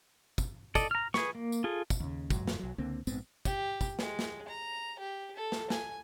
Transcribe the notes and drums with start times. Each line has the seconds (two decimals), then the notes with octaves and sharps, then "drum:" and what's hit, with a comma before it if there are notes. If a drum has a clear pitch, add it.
0.38 drum: kick, tambourine
0.75 A4 D5 D#5, drum: kick, tambourine
0.91 A#5 F6
1.14 G#4 B4 C#6, drum: snare
1.35 A#3
1.52 drum: tambourine
1.64 F4 G#4 A4
1.90 drum: kick, tambourine
2.00 D#2 C#3
2.30 F#1 E2 G#2 F#3, drum: kick, tambourine
2.47 drum: snare
2.59 B1 F#3
2.78 C#2 D3 A#3 C4
3.07 A#1 G#2 B3 C4, drum: tambourine
3.45 G4, drum: kick, tambourine
3.81 drum: kick, tambourine
3.99 G#3, drum: snare
4.19 drum: snare
4.48 A#5
4.99 G4
5.36 A4
5.52 drum: snare
5.70 G#5, drum: snare